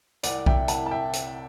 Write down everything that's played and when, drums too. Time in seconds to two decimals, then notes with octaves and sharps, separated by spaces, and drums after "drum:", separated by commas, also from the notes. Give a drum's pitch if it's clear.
0.23 C2 D5 F#5, drum: hi-hat
0.46 C3 E5 G5, drum: kick B1
0.68 C2 F#5 A5, drum: hi-hat
0.86 A5
0.91 E5 G5
1.13 drum: hi-hat